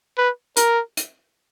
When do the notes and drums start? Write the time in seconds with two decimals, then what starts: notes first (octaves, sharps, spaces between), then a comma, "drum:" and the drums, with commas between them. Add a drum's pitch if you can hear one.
0.18 B4
0.57 A#4, drum: hi-hat
0.97 drum: hi-hat